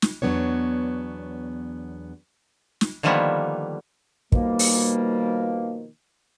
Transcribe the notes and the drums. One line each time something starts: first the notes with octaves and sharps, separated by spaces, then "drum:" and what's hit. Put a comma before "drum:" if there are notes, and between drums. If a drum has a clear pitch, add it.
drum: snare
E2 C#3 F#3 B3 D4 C#5
drum: snare
D3 D#3 F3 G3 A#3 B3
B2 D#3 F3 G3 A#3, drum: kick
drum: open hi-hat